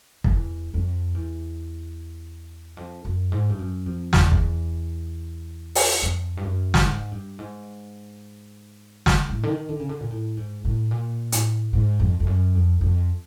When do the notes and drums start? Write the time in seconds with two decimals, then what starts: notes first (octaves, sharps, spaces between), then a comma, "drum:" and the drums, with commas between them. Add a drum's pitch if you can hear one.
0.24 F2, drum: kick
0.33 E2
0.74 F2
1.14 E2
2.77 F2
3.05 F#2
3.32 G#2
3.49 G2
3.59 F#2
3.86 F2
4.13 E2, drum: snare
4.32 drum: kick
5.75 drum: open hi-hat
6.02 F2
6.37 G2
6.44 F#2
6.74 G2, drum: snare
6.84 G#2
7.12 G2
7.39 G#2
9.06 drum: snare
9.29 A2
9.43 D3
9.49 D#3
9.69 D3
9.79 C#3
9.89 D3
10.01 A#2
10.11 A2
10.37 G#2
10.65 A2
10.91 A#2
11.32 A2, drum: hi-hat
11.73 G#2
12.00 F2
12.20 F2
12.27 F#2
12.55 F2
12.81 F2